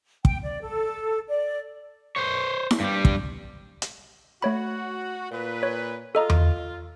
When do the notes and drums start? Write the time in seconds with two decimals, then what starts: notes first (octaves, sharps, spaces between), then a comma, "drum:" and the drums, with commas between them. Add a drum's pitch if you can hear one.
0.25 G5, drum: kick
0.43 D5
0.61 A4
1.28 D5
2.16 C5 C#5
2.71 drum: snare E4
2.80 G2 G3
3.05 drum: kick
3.82 drum: hi-hat
4.42 A3 F#4 C#5 B5
5.31 A#2 B4
5.63 C#5
6.15 F4 A4 D#5 A#5
6.30 drum: tom E2